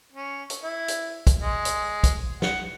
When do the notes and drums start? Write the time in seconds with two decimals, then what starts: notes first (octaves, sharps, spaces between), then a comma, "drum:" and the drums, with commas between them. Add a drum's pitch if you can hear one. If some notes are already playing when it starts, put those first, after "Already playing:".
0.13 C#4
0.50 drum: hi-hat
0.63 E4
0.88 drum: hi-hat
1.27 drum: kick, hi-hat
1.41 G#3
1.65 drum: hi-hat
2.04 drum: kick, hi-hat
2.42 F#5, drum: snare